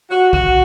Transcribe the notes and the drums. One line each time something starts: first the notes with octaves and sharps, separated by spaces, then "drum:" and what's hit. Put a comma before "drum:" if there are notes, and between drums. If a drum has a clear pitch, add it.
F#4
F#4, drum: kick B1